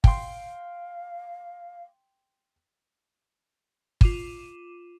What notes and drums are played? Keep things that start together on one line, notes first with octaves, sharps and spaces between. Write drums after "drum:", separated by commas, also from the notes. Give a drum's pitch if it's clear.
F5 G5 C6, drum: kick
F4 D6 D#7 E7, drum: kick